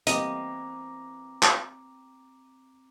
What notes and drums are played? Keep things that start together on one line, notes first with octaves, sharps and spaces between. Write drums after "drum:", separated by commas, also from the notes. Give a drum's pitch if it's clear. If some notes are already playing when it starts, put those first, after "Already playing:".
E3 G3 A#3 C4 D#5 A#5 D6, drum: hi-hat
drum: clap